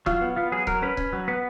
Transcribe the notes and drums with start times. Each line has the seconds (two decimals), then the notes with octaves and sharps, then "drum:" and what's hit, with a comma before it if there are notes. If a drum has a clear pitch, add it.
0.06 F#3 F4, drum: kick C#1
0.21 B3
0.36 B3 F4
0.52 F#3 G#4
0.67 F#3 A#4, drum: kick C#1
0.82 C#4 B4
0.97 C#4, drum: kick C#1
1.13 F#3
1.28 B3 B4